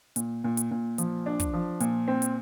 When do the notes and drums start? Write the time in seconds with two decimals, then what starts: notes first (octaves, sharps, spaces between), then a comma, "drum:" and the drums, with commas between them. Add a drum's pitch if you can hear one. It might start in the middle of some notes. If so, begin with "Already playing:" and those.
0.16 A#2, drum: hi-hat
0.44 A#2
0.57 drum: hi-hat
0.71 A#2
0.98 F3, drum: hi-hat
1.26 D4
1.40 drum: kick, hi-hat
1.54 F3
1.80 A#2, drum: hi-hat
2.08 C4
2.22 drum: hi-hat